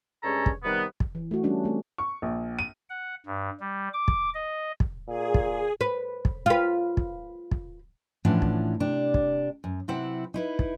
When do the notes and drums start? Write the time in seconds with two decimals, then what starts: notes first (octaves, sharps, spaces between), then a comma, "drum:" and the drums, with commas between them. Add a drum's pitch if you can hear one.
0.23 G2 G#3 C#4 A4 C#5 A#5
0.46 drum: kick
0.64 C3 D#3 G3 B3
1.00 drum: kick
1.15 E3
1.31 A3 F#4
1.43 G3 C#4 D4 F#4
1.64 A3 C4
1.98 C#6
2.22 A#1
2.59 D#7
2.90 F#5
3.26 G2
3.60 G3
3.93 D6
4.08 drum: kick
4.34 D#5
4.80 drum: kick
5.08 A#2 G#4
5.34 drum: kick
5.81 B4
6.25 drum: kick
6.46 F4 B4
6.97 drum: kick
7.51 drum: kick
8.25 A2 E3 F3 C#4 D4 F#5
8.42 drum: kick
8.80 C3 D4
9.14 drum: kick
9.64 F#2
9.88 C3 F#3 C4 E4 F#5
10.34 D#4 E4 B4
10.59 drum: kick